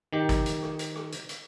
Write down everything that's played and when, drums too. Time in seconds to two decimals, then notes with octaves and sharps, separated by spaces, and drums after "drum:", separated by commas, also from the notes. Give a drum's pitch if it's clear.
0.13 D#3 G4
0.29 drum: kick, hi-hat
0.46 drum: hi-hat
0.62 drum: rim click
0.79 drum: hi-hat
0.96 drum: rim click
1.12 drum: hi-hat
1.29 drum: hi-hat